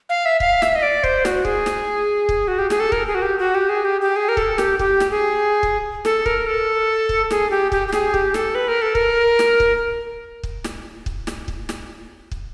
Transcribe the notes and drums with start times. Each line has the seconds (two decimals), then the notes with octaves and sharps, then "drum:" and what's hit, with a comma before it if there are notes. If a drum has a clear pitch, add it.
0.09 F5
0.26 E5
0.40 F5, drum: kick
0.62 E5, drum: snare
0.76 D#5
0.83 D5
1.04 C5, drum: kick
1.25 F#4, drum: snare
1.45 G#4, drum: kick
1.66 drum: snare
2.29 drum: kick
2.48 F#4
2.59 G4
2.70 G#4, drum: snare
2.80 A4
2.92 A#4, drum: kick
3.07 G#4
3.15 F#4
3.22 G4
3.39 F#4
3.55 G4
3.69 G#4
3.85 G4
4.01 G4
4.16 G#4
4.29 A#4
4.37 A4, drum: kick
4.58 G4, drum: snare
4.79 G4, drum: kick
5.00 drum: snare
5.11 G#4
5.63 drum: kick
6.05 A4, drum: snare
6.26 A#4, drum: kick
6.47 A4
7.09 drum: kick
7.30 G#4, drum: snare
7.51 G4
7.72 G4, drum: kick
7.88 G4
7.92 G#4, drum: snare
8.14 G4, drum: kick
8.34 A4, drum: snare
8.55 B4
8.68 A#4
8.82 A4
8.95 A#4, drum: kick
9.39 drum: snare
9.60 drum: kick
10.43 drum: kick
10.64 drum: snare
11.06 drum: kick
11.27 drum: snare
11.48 drum: kick
11.69 drum: snare
12.31 drum: kick